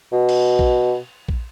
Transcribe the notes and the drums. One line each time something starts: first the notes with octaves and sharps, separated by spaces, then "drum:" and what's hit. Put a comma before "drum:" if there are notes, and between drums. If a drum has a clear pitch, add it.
B2
drum: cymbal
drum: kick A#1
drum: kick A#1